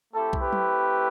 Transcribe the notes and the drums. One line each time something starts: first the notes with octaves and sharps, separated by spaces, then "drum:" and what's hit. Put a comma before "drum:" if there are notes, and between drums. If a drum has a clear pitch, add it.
A3 C4 E4 G4 A4
drum: kick B1
G4 B4
drum: tom F#3